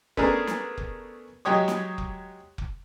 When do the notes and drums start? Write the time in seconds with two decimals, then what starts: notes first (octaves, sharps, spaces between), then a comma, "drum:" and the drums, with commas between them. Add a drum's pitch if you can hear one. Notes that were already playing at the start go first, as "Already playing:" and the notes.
0.17 A3 B3 C#4 D4 G#4 A#4, drum: kick F1
0.47 drum: snare
0.78 drum: kick F1
1.45 F#3 G#3 G4 C#5 D#6
1.68 drum: snare
1.98 drum: kick F1
2.58 drum: kick F1